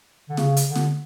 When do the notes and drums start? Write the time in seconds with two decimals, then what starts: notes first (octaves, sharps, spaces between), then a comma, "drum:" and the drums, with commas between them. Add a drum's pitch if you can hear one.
0.29 D3
0.37 C#3, drum: snare
0.57 drum: hi-hat
0.66 D3
0.76 drum: snare